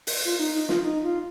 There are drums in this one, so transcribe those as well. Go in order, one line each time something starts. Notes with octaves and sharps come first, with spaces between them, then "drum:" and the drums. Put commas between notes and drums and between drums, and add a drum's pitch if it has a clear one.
drum: open hi-hat
F4
D#4
D#4
F4, drum: snare
D#4
F4